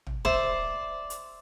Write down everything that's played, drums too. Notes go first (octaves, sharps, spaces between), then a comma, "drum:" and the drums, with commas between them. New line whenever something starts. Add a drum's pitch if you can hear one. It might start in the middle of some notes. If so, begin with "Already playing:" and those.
drum: tom
C5 D5 E5, drum: kick
drum: hi-hat